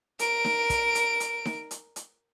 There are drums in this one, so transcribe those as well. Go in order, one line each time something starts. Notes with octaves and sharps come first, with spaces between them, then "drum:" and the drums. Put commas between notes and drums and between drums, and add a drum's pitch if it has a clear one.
A#4 D7, drum: hi-hat
drum: snare D#4
drum: kick, hi-hat
drum: hi-hat
drum: hi-hat
drum: snare D#4
drum: hi-hat
drum: hi-hat